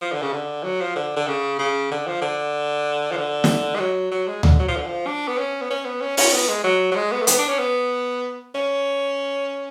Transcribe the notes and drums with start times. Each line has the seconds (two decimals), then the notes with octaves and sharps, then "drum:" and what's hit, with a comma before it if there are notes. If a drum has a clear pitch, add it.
0.02 F3
0.12 D3
0.22 C#3
0.33 D3
0.64 F#3
0.81 F3
0.96 D3
1.16 D3
1.28 C#3
1.58 C#3
1.91 D3
2.07 F3
2.22 D3
3.12 F3
3.17 D3
3.44 drum: snare
3.75 G#3
3.79 F#3
4.11 F#3
4.27 G#3
4.43 D3, drum: tom D2
4.60 F#3
4.68 F3
4.77 D3
4.87 F3
5.07 D4
5.28 B3
5.38 C#4
5.61 B3
5.70 C#4
5.85 B3
6.01 C#4
6.17 C#4, drum: open hi-hat
6.33 B3
6.48 G#3
6.64 F#3
6.91 F#3
6.96 G#3
7.12 B3
7.21 A3
7.27 B3, drum: hi-hat
7.38 D4
7.48 C#4
7.59 B3
8.55 C#4